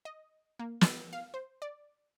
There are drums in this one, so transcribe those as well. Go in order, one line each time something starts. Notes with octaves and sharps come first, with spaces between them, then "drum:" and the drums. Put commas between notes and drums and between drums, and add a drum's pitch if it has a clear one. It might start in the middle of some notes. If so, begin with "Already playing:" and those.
D#5
A#3
A6, drum: snare
F5
C5
D5